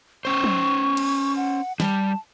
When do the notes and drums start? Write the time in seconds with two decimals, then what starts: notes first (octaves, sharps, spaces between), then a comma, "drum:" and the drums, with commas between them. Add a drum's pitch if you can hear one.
0.25 C#4 C5 C#6
0.44 drum: tom
0.97 drum: cymbal
1.37 F#5
1.80 G3 A5, drum: snare